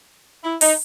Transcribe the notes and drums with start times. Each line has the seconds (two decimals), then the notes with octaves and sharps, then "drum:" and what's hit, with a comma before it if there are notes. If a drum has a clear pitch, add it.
0.43 E4
0.61 D#4, drum: open hi-hat